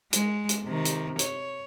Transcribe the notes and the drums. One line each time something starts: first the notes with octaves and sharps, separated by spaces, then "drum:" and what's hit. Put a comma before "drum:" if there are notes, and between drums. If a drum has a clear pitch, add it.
G#3, drum: hi-hat
drum: hi-hat
C3 D#3
drum: hi-hat
C#5, drum: hi-hat